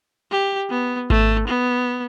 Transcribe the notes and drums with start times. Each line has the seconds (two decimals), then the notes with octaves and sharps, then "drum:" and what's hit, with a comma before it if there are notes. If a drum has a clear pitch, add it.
0.31 G4
0.70 B3
1.10 A3, drum: kick G#1
1.48 B3